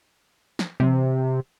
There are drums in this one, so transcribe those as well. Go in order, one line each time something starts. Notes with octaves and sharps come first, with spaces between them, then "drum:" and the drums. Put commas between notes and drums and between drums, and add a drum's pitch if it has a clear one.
drum: snare
C3, drum: tom E3